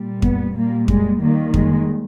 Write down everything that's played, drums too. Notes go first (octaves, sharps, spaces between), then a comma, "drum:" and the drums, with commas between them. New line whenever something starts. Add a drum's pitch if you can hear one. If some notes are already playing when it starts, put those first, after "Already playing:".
Already playing: A#2 G3
B3, drum: kick F2
A#2 G3 A#3
G#3, drum: kick F2
D#2 D#3 G3 A#3
G#3, drum: kick F2